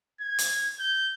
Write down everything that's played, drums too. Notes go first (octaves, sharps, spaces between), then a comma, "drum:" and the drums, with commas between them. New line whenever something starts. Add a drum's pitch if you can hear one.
G#6
drum: hi-hat
G6